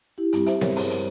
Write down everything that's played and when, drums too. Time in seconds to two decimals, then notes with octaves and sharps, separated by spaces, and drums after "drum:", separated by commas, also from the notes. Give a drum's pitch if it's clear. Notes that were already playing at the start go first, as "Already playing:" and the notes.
0.18 E4 G4
0.33 G2 G3 C4 E4 G4, drum: hi-hat
0.46 C5 E5, drum: hi-hat
0.61 A#4 C#5, drum: snare B3
0.76 G#4 C5, drum: open hi-hat
0.90 drum: hi-hat